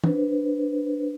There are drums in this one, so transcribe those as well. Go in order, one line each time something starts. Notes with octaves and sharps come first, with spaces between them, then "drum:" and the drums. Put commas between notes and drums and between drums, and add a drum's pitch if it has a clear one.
D4 B4 C5, drum: tom